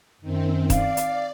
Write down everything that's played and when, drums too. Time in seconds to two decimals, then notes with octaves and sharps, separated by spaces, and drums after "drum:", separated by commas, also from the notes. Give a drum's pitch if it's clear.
0.21 F#2 D#3 C4
0.70 D5 F5, drum: kick D#1, hi-hat
0.97 drum: hi-hat